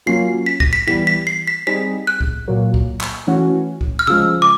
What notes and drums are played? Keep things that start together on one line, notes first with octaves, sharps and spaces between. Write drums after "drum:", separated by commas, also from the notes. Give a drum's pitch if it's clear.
F#3 A#3 C#4 F4 C7
B6
A#6, drum: kick C#2
B6
E3 G3 B3 B6
B6
C7
B6
G3 C4 D#4 G#4 B6
F#6
drum: kick C#2
A#2 F#3 A#3
drum: kick C#2
drum: clap
E3 A3 C#4 F#4
drum: kick C#2
F6
C#3 F3 G#3 E6
D6